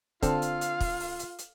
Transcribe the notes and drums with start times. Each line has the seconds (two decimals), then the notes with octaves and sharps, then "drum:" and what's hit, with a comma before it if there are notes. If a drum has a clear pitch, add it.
0.22 D3 C4 F4 A4 F5, drum: kick, hi-hat
0.42 drum: hi-hat
0.61 drum: hi-hat
0.80 drum: kick, open hi-hat
1.00 drum: open hi-hat
1.19 drum: hi-hat
1.38 drum: hi-hat